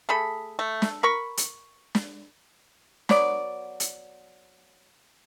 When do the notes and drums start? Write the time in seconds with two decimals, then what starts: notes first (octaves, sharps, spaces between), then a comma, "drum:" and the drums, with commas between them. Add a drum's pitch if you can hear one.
0.09 A3 G#4 A4 B5
0.59 A3
0.82 drum: snare
1.03 A#4 B5 C#6
1.37 drum: hi-hat
1.95 drum: snare
3.09 F#3 B3 D5, drum: snare
3.80 drum: hi-hat